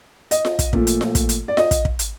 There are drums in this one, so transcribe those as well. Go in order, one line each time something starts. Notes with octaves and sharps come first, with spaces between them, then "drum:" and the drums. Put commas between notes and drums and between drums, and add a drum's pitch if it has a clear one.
D#5, drum: hi-hat
drum: snare F4
drum: kick, hi-hat
A#2 F3 A3, drum: kick
drum: hi-hat
drum: snare F4
drum: kick, hi-hat
drum: hi-hat
D5
D#5, drum: snare F4
drum: kick, hi-hat
drum: kick
drum: hi-hat